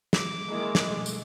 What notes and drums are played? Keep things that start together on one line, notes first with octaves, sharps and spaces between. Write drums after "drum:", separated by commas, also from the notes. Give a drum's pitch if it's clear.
D6, drum: snare
D#3 G#3 A#3 E4
drum: snare
B2 F3 G3 A3
drum: tambourine